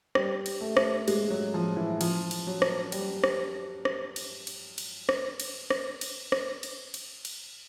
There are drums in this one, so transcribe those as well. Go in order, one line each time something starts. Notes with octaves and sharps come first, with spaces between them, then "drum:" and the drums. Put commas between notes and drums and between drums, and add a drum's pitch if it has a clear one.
G3, drum: rim click
drum: cymbal
A3
drum: rim click
G#3, drum: cymbal
F#3
F3
E3
F3, drum: cymbal
drum: cymbal
F#3
drum: rim click
G3, drum: cymbal
drum: rim click
drum: rim click
drum: cymbal
drum: cymbal
drum: cymbal
drum: rim click
drum: cymbal
drum: rim click
drum: cymbal
drum: rim click
drum: cymbal
drum: cymbal
drum: cymbal